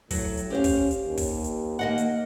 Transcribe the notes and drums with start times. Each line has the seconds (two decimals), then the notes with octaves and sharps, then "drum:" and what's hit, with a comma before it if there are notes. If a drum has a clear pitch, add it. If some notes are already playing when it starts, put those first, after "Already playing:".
0.11 A2 F#3, drum: kick, open hi-hat
0.37 drum: hi-hat
0.50 C#4 G4 C5 F5
0.64 drum: kick, open hi-hat
0.91 drum: hi-hat
1.04 D#2
1.17 drum: kick, open hi-hat
1.44 drum: hi-hat
1.79 A#3 D#5 F#5
1.98 drum: hi-hat